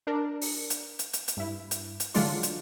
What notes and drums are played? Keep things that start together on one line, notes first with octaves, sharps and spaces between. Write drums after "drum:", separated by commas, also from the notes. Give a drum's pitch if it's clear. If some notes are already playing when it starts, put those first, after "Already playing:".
D4 A#4
drum: open hi-hat
drum: hi-hat
drum: hi-hat
drum: hi-hat
drum: hi-hat
G2 E4
drum: hi-hat
drum: hi-hat
D3 E3 F#3 G#3 D4 F4, drum: open hi-hat
drum: hi-hat